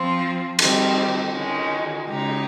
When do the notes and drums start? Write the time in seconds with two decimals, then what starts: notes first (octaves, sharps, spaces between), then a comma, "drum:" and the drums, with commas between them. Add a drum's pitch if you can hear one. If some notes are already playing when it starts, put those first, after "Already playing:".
Already playing: F3 C4 F4
0.59 D#3 G3 C4 G4, drum: cymbal
1.33 D#3 G#3 C#4
2.07 C#3 G#3 D#4 G4